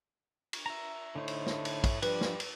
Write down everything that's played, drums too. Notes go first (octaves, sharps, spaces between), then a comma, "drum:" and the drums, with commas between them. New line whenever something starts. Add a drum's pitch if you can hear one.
drum: cymbal
E5 A#5
A2 D3 D#4 C5
drum: cymbal
drum: snare
drum: cymbal
drum: kick, cymbal
F3 G3 D4 B4, drum: cymbal
drum: snare
drum: cymbal